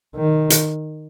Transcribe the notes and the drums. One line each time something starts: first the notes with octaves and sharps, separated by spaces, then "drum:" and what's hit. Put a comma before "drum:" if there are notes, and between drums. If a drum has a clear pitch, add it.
D#3
drum: hi-hat